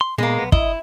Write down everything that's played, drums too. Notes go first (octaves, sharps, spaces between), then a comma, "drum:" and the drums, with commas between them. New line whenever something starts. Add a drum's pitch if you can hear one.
C6
A#2 G#3 A#3 B3
B1 B3
E4 D#5, drum: kick